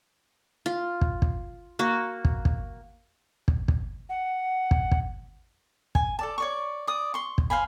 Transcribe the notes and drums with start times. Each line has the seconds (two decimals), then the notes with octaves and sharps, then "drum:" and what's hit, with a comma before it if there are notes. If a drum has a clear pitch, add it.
0.66 F4
1.01 drum: kick
1.22 drum: kick
1.79 A#3 F#4
2.25 drum: kick
2.45 drum: kick
3.48 drum: kick
3.68 drum: kick
4.09 F#5
4.71 drum: kick
4.92 drum: kick
5.95 G#5, drum: kick
6.19 A4 D5 A5
6.38 C#5 D5 C#6
6.87 D5 D#6
7.14 C6 C#6
7.38 drum: kick
7.50 C5 F5 G#5 B5